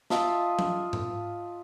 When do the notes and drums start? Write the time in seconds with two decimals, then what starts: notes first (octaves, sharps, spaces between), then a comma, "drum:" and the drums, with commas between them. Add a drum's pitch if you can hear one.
0.10 F4 D#5 E5 A5, drum: snare
0.59 drum: tom F3
0.93 drum: tom G#2